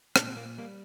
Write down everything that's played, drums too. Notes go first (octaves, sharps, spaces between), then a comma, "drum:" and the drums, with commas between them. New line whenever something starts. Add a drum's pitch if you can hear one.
A#2 D4, drum: rim click
C4
A#3
G3 A#3